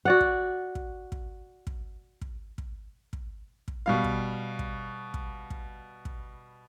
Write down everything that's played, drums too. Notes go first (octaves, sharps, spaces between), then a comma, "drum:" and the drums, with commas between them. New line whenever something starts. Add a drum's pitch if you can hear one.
F#4 D5 F#5
drum: kick
drum: kick
drum: kick
drum: kick
drum: kick
drum: kick
drum: kick
drum: kick
B2 G3 F5
drum: kick
drum: kick
drum: kick
drum: kick
drum: kick